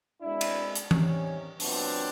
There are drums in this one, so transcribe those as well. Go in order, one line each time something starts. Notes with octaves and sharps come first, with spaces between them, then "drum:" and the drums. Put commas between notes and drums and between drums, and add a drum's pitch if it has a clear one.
B2 G#3 C4 D4 E4
drum: cymbal
drum: hi-hat
C3 D#3 G3 C#4, drum: tom E3
A#2 F#3 B3 C4 D4, drum: open hi-hat